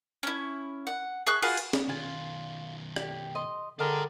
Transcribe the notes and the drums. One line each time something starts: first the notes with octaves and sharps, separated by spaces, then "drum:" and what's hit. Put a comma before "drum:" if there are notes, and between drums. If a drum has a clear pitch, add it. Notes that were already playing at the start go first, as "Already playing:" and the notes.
C#4 E4
F#5
G#4 E5 C#6 F#6
F4 F#4 G#4 B4, drum: cymbal
drum: hi-hat
drum: snare
B2 D#3 F4 G#5
G4, drum: rim click
D#5 C6
D3 D4 G#4 A#4 D#5 G5